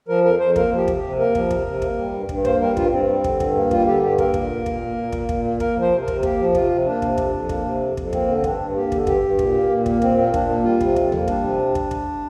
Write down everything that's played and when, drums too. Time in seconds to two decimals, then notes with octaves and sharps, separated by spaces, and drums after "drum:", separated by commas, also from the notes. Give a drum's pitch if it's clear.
0.08 F3 A#4
0.24 F2 A#4
0.40 F2 C5
0.56 A#3 A#4, drum: kick
0.71 F3
0.77 G4
0.88 C3, drum: kick
0.98 G4
1.03 C3
1.19 A#3 A#4
1.35 F3, drum: kick
1.51 C3, drum: kick
1.66 C3
1.82 A#3, drum: kick
1.98 G3
2.13 G2
2.29 G2, drum: kick
2.45 A#3 C5, drum: kick
2.61 G3 A#4
2.77 G2 F4, drum: kick
2.92 G2 C4
3.08 G3
3.24 D3, drum: kick
3.40 G2, drum: kick
3.56 A#3
3.71 G3 F4, drum: kick
3.87 D3 G4
4.02 G2 G4
4.18 A#3 A#4, drum: kick
4.34 A#2, drum: kick
4.50 A#3
4.66 A#2, drum: kick
4.81 A#3
4.97 A#2
5.12 A#3, drum: kick
5.29 A#2, drum: kick
5.45 A#3
5.60 A#3 A#4, drum: kick
5.76 F3
5.82 C5
5.92 C3
6.02 A#4
6.08 C3, drum: kick
6.23 A#3 G4, drum: kick
6.40 F3
6.55 C3 F4, drum: kick
6.70 C3
6.86 A#3 D4
7.02 C3, drum: kick
7.18 F2, drum: kick
7.33 F2
7.49 A#3, drum: kick
7.65 C3
7.81 F2
7.97 F2, drum: kick
8.13 A#3 C4, drum: kick
8.28 D3
8.37 C4
8.44 G2 D4, drum: kick
8.60 G2
8.76 A#3 G4
8.92 D3, drum: kick
9.07 G2 G4, drum: kick
9.23 G2
9.39 A#2, drum: kick
9.55 A#3
9.70 A#2
9.86 A#3, drum: kick
10.02 A#2 C4, drum: kick
10.18 A#3
10.34 A#2 D4, drum: kick
10.48 A#3
10.64 G3 F4
10.81 C3, drum: kick
10.96 F2, drum: kick
11.12 A#3, drum: tom D#2
11.28 G3 D4, drum: kick
11.44 C3
11.75 drum: kick
11.91 drum: kick